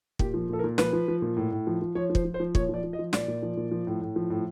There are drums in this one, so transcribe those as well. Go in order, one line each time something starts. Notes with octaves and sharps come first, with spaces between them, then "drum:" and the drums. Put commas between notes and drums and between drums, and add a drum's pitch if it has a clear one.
A#2 G4, drum: kick
F3
A#2 A4
A#4
A#2
F3 B4, drum: snare
F3
F3
A#2
A2
A2
F3
F3
F3 C#5
F3
C5, drum: kick
F3
C5
F3
A#2 C#5, drum: kick
F3 D5
F3
D#5
F3
A#2 D5, drum: snare
A#2
F3
A#2
F3
A2
A2
F3
A2